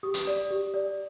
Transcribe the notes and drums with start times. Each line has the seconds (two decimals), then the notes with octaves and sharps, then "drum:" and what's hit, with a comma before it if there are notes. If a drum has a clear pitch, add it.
0.03 G4 D#6
0.14 drum: hi-hat
0.27 D5
0.51 G4
0.74 D5